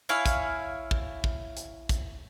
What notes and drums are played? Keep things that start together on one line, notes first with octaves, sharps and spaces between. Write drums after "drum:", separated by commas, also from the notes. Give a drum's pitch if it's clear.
E4 C#5 F5 G#5
drum: kick, hi-hat
drum: kick
drum: kick
drum: hi-hat
drum: kick, hi-hat